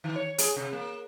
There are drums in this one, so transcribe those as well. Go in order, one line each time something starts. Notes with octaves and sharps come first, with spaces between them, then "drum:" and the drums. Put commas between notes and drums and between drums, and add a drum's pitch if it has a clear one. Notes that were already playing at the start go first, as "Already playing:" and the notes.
D#3
C#5
G#4, drum: hi-hat
C3
A#3